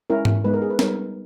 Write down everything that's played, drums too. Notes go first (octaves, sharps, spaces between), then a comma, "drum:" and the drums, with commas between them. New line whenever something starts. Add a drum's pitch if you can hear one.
G#3 C#4 E4 A#4
drum: tom G#2
G#3 B3 D#4 B4
A#4
G#4
B4
G3 B3 D#4 A#4, drum: snare